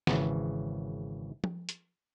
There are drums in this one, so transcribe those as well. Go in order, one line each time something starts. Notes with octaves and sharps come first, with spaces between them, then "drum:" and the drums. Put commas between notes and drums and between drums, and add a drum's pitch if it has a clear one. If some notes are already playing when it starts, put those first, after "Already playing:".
G#1 C#3 E3, drum: snare
drum: tom
drum: hi-hat